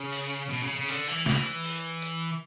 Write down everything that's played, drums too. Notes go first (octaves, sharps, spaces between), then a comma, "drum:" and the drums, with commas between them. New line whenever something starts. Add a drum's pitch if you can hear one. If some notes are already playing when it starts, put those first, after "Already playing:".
Already playing: C#3
drum: open hi-hat
B2
C#3
C#3
D3, drum: open hi-hat
E3
E3, drum: snare
drum: open hi-hat
drum: hi-hat